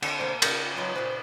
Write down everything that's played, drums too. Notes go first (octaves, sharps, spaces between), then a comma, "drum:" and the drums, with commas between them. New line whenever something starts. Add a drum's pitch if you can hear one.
D3 C4 C5, drum: cymbal
B2 A#3 C5
C#3 F4 A#4 C#5 F#5 G5 A5, drum: cymbal
F#3 G#3 B4
A#2 B4 C5